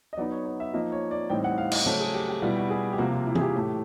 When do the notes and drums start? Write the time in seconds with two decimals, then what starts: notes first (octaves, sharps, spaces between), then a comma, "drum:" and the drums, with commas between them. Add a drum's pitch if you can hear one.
0.13 D#5
0.17 F#3 B3 D#4 D5
0.32 C#5
0.45 C#5
0.60 E5
0.73 F3 A#3 D#4 D#5
0.92 C#5
1.11 D5
1.30 A2 E3 G3 C4 D#4 G5
1.44 F#5
1.58 F5
1.72 D#5, drum: cymbal
1.86 C#3 F#3 A3 C5
2.01 G#4
2.14 G4
2.28 G4
2.42 B2 G3 B3 E4 F4
2.57 F#4
2.70 G#4
2.93 G4
2.98 C3 F3 A#3 F#4
3.12 F4
3.27 E4
3.35 G#4, drum: tom E3
3.41 G4
3.55 A2 E3 A3